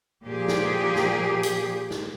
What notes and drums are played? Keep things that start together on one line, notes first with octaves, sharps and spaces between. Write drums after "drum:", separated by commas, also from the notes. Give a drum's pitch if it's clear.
A#2 F3 G4 G#4
drum: snare
drum: snare
drum: hi-hat
drum: snare